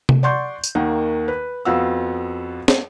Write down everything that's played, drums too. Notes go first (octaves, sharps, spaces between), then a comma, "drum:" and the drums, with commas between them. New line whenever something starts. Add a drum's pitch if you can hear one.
drum: tom C3
D5 F#5 C6 C#6 G6
drum: tambourine
D#2 D#3 A#3 F#5
B4
F2 B3 F#4 F5 F#5 E6
drum: snare